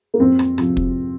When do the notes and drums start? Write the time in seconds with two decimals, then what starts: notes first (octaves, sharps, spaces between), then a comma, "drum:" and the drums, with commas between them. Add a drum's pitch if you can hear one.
0.14 A#3
0.20 F2 C4
0.39 drum: rim click
0.58 C3 F3, drum: rim click
0.77 drum: kick